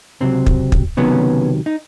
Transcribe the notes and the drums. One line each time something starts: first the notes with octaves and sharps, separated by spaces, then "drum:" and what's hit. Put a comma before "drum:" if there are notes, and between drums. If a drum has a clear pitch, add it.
C#2 C3 D#3 F#3 C4
drum: kick
drum: kick
C#2 C3 D#3 F#3 B3 C#4
D#4